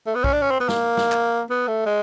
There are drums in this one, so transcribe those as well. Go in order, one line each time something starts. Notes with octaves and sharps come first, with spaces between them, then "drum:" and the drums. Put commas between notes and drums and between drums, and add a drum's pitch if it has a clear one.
A3
B3
C#4, drum: kick
D4
C#4
C4
B3
A#3, drum: snare
drum: snare
drum: clap
B3
A3
G#3